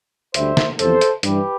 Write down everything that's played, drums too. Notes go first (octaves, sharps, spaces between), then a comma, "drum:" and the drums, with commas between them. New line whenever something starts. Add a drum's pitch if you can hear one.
D2 D3 G3 C5 E5, drum: hi-hat
drum: snare
E2 C3 F3 A4 C5, drum: hi-hat
drum: hi-hat
G2 E3 G3 G4 B4, drum: hi-hat